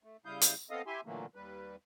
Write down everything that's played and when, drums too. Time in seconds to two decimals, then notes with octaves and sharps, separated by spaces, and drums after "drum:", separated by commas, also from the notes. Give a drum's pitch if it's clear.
0.03 A3
0.25 C#3 G3 E4 F5 D#6 G6
0.41 drum: hi-hat
0.70 B3 C4 A4 D#5 F5 D#6
0.87 E4 G4 E5 G#5 C6
1.06 A#2 D3 E3 F#3 A3 A#3
1.35 D#2 G3 B4